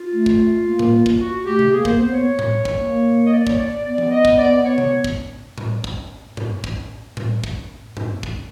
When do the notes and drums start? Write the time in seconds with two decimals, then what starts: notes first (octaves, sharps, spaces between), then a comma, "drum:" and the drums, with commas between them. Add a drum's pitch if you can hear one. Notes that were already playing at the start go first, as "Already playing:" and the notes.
Already playing: F4
0.13 A3
0.26 drum: kick
0.66 A#3
0.79 drum: tom A2
1.06 drum: kick
1.19 F#4
1.45 A3 G4
1.59 drum: tom C3
1.72 A#3 G#4
1.85 C5, drum: kick
1.99 B3 C5
2.12 C#5
2.39 drum: tom A2
2.65 drum: kick
2.79 A#3
3.26 D#5
3.32 D5
3.47 C#5, drum: kick
3.58 D5
3.85 B3 D5
3.98 drum: tom F3
4.11 D#5
4.25 drum: kick
4.38 D5
4.65 C#5
4.78 drum: tom C3
5.04 drum: kick
5.58 drum: tom A2
5.84 drum: kick
6.37 drum: tom G2
6.64 drum: kick
7.17 drum: tom A2
7.44 drum: kick
7.97 drum: tom G2
8.23 drum: kick